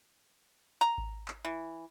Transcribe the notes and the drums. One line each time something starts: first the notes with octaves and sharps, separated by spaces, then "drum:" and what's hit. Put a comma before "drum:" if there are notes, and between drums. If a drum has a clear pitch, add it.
A#5
drum: kick G#1
drum: clap
E3